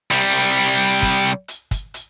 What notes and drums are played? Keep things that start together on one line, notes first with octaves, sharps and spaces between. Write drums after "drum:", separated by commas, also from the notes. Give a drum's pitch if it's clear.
C2 G3, drum: hi-hat
drum: hi-hat
drum: hi-hat
drum: kick, hi-hat
drum: hi-hat
drum: kick, hi-hat
drum: hi-hat